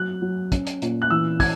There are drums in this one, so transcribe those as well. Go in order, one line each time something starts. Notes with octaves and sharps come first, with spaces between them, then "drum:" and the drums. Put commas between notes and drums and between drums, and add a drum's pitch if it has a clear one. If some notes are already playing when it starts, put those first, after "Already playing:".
Already playing: F#3 F#6
F#3
C#4, drum: kick, hi-hat
drum: hi-hat
A#2, drum: hi-hat
F#6
E3 E6
G#6, drum: kick, open hi-hat